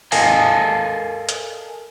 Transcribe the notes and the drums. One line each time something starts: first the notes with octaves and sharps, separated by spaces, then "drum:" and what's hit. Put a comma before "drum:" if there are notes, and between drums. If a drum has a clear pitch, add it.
A4 A#4 D#5 F5 G#5 A5, drum: open hi-hat
drum: hi-hat